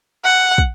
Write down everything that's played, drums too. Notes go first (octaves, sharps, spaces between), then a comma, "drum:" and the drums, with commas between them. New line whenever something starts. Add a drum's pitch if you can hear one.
F#5
drum: kick